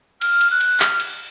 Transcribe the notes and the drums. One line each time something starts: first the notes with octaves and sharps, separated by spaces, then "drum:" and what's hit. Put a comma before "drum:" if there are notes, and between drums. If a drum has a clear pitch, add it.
F6, drum: cymbal
drum: cymbal
F#6
drum: cymbal
F6, drum: clap
drum: cymbal